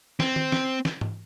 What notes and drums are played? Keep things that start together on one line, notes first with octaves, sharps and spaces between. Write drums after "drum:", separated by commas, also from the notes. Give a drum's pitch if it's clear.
C4, drum: snare
drum: tom D#3
drum: snare
drum: snare
drum: tom G#2